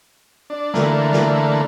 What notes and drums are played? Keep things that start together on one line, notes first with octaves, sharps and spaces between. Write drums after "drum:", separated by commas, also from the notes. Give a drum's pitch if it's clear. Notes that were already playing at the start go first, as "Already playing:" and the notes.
D4
D3 E3 A3 A#3, drum: snare
drum: snare